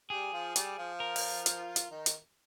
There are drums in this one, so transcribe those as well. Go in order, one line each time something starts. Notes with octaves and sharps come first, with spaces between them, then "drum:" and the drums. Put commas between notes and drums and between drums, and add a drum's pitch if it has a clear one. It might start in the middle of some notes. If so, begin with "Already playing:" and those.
G3 G4 G#4
F3 F4
G3 G4, drum: hi-hat
F3 F4
A#4
drum: open hi-hat
drum: hi-hat
drum: hi-hat
D#3 D#4
drum: hi-hat